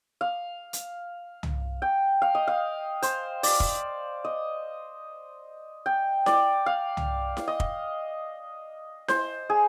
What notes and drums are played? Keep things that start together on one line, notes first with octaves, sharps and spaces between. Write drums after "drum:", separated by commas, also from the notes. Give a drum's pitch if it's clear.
F5
drum: hi-hat
drum: tom
G5
F5
D#5
F5
C5, drum: hi-hat
D5, drum: open hi-hat
drum: kick
D#5
G5
D5, drum: snare E4
F5
drum: tom
drum: snare E4
D#5
drum: kick
C5, drum: snare E4
G#4